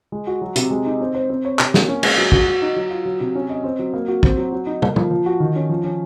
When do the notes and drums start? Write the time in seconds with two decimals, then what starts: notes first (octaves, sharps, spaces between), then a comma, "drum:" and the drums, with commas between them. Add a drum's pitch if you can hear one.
0.12 G#3
0.27 F#4
0.41 F#3
0.56 C3, drum: hi-hat
0.70 G#3
0.86 D#4
1.01 C4
1.15 C5
1.30 C4
1.45 C#5
1.59 C3, drum: clap
1.74 A#3, drum: snare
1.88 C#4
2.03 G#3, drum: cymbal
2.17 F#3
2.32 F#4, drum: kick
2.46 F#3
2.62 D#4
2.76 F#3
2.91 F4
3.05 F#3
3.20 C3
3.35 C#4
3.50 D#5
3.64 C4
3.79 F#3
3.93 A#3
4.08 F#4
4.23 C4, drum: kick
4.37 F#3
4.52 F#3
4.67 D#4
4.82 A#3, drum: tom
4.96 F3, drum: tom
5.11 F3
5.26 F#4
5.40 D#3
5.56 C#4
5.69 F3
5.84 C#4